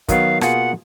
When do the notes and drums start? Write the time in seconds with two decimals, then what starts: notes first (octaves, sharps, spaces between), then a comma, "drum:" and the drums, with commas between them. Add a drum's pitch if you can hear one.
0.09 D#3 F#3 B3 F5, drum: kick, hi-hat
0.41 B2 A#3 F4 G#4 F#5, drum: rim click